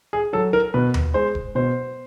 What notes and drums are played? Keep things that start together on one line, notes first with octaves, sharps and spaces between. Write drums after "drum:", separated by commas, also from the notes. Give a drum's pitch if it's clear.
G#4
F#3 A4
A#4
B2 B4
drum: tom D#2
G#3 C5
drum: kick E1
B2 C5